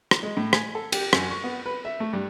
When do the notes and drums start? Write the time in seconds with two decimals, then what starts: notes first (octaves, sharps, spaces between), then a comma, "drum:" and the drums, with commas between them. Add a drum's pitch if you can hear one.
0.11 drum: rim click
0.23 G#3
0.37 A2
0.53 G#5, drum: rim click
0.75 A4
0.92 G4, drum: cymbal
1.13 F#2, drum: rim click
1.30 C#6
1.44 B3
1.66 B4
1.85 E5
2.00 A3
2.13 G2